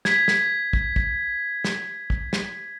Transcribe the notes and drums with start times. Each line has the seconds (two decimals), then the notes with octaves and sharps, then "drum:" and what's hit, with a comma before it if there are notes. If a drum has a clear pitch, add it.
0.05 G#6 B6, drum: snare
0.28 drum: snare
0.73 drum: kick
0.96 drum: kick
1.64 drum: snare
2.10 drum: kick
2.33 drum: snare